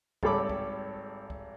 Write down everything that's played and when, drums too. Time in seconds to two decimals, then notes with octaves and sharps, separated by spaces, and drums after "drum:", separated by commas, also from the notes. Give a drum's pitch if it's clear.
0.23 G#1 G3 A4 C#5 B5 D6, drum: kick
0.50 drum: kick
1.30 drum: kick